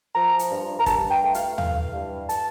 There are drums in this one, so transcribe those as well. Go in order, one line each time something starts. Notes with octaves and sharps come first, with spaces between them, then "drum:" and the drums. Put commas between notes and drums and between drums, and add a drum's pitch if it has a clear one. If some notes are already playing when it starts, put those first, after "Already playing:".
F3 A#5
drum: hi-hat
G2
A#5
G2 A5, drum: kick, hi-hat
G5
A3
F5, drum: hi-hat
E3 F5, drum: tom
G2
A5, drum: hi-hat